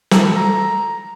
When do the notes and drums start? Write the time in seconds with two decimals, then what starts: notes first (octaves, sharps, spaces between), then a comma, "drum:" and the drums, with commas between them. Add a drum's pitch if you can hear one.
0.11 A4, drum: snare
0.36 A#5